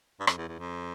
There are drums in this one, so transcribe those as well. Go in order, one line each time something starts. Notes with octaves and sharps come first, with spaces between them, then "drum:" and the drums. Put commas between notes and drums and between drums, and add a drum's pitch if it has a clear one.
G2
F2, drum: rim click
E2
E2
F2